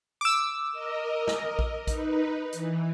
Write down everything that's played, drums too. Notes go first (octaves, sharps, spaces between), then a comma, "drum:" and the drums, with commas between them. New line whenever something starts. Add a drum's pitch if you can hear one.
D6 E6
A#4 D#5
drum: snare
drum: kick A#1
D#4 B4, drum: kick A#1, hi-hat
E3, drum: hi-hat